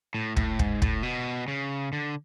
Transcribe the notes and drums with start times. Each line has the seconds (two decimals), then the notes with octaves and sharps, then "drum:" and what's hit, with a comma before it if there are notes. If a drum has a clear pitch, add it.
0.15 A2
0.37 A2, drum: kick
0.59 G#2, drum: kick
0.82 A2, drum: kick
1.03 B2
1.48 C#3
1.93 D3